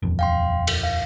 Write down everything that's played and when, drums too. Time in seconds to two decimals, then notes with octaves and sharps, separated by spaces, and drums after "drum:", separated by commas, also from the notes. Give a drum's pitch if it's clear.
0.02 D#1 F2
0.19 F5 G5 C6
0.67 drum: cymbal
0.83 F5